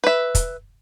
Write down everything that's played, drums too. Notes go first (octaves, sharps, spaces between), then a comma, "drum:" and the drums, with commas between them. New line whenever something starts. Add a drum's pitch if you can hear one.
B4 E5
drum: kick, hi-hat